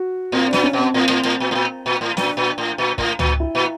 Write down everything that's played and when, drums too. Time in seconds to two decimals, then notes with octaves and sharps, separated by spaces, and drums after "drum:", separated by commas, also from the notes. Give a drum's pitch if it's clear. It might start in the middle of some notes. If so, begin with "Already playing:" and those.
Already playing: F#4
0.32 A2 C4
0.48 D4
0.53 A#2, drum: snare
0.64 C#4
0.73 B2
0.78 C4
0.94 A2 C4
1.09 A2
1.25 A2
1.40 A#2
1.51 A2
1.55 A#2
1.86 A#2
2.01 A2
2.17 A#2 D4, drum: snare
2.37 A#2
2.58 A2
2.78 A#2
2.98 A2, drum: kick
3.19 A#2, drum: tom C#2
3.40 E4
3.55 A#2